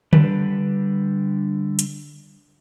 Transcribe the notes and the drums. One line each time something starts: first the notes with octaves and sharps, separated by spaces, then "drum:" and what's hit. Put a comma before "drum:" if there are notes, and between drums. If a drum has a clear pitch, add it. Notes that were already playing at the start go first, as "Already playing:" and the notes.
D3 G3 D4 G4 B4, drum: tom D3
drum: hi-hat